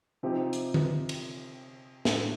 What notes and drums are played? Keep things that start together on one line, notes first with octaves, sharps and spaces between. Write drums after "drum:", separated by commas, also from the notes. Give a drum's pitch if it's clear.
C3 F3 C4 D#4 G4
drum: hi-hat
drum: tom D3
drum: cymbal
A2 A3 D4 A4, drum: snare